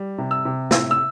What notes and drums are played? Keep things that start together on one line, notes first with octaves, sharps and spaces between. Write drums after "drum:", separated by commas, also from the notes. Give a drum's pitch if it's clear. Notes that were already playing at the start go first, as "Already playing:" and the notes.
Already playing: G3
C3
E6
C3
A2 E6, drum: snare
E6